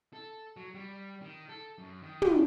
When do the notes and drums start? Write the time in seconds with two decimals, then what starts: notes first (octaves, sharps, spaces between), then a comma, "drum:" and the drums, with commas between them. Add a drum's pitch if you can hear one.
0.13 A4
0.57 F#3
0.74 G3
1.22 D#3
1.49 A4
1.78 F#2
2.02 D#3
2.22 drum: tom